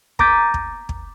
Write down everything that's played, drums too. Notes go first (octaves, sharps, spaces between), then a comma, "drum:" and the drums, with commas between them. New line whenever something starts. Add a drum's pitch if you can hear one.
A#5 D6 G6 A6 B6 D#7, drum: kick
drum: kick
drum: kick